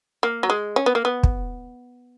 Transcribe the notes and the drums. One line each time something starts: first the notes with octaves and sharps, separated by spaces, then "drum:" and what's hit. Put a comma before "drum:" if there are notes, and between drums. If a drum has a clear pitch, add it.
A#3
F#3
G#3
C#4
B3
A#3
B3
drum: kick